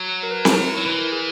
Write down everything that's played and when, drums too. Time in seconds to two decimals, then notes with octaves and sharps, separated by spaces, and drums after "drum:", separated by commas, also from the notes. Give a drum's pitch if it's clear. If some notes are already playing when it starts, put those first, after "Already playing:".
Already playing: F#3
0.23 A#4
0.31 B4
0.45 A#4, drum: snare C4
0.51 D#4
0.58 E4
0.71 E4
0.77 F#3
0.85 E3 B4
0.98 A#4
1.12 G#4